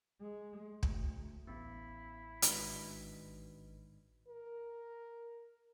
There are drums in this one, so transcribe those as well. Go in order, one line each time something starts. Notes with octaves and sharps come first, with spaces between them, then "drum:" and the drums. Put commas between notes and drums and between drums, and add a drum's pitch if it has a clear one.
G#3
D2, drum: kick
A1 B3 C#4 E4
G#1 D#3 G#3 D4 F#4 B4, drum: hi-hat
A#4